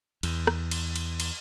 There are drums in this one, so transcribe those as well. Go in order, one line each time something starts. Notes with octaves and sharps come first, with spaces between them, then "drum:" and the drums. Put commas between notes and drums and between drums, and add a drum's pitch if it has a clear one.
E2, drum: cymbal
drum: rim click
drum: cymbal
drum: cymbal
drum: cymbal